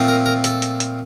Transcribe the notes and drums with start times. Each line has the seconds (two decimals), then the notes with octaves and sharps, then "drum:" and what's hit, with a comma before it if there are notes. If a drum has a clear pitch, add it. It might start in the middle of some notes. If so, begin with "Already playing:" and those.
Already playing: A#2 F3 A3 C4
0.08 A#4
0.26 A#4
0.44 A4, drum: hi-hat
0.62 drum: hi-hat
0.80 drum: hi-hat